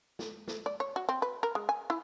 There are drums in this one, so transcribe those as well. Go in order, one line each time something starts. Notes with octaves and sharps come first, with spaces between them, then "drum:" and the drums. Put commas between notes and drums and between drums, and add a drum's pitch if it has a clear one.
drum: snare
drum: snare
D5
C#5
F#4
C4
B4
A#4
G#3
G#5
E4